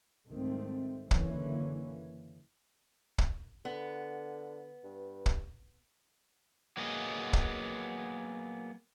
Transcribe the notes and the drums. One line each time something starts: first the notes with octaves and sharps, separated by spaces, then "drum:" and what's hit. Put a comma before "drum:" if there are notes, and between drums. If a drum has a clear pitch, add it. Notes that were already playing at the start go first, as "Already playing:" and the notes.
C2 G#2 D#3 A3 C4
F#1 D3 E3 A#3 C#4, drum: kick
drum: kick
D3 B3
G2
drum: kick
F#3 A#3 B3 G#4 D#5
drum: kick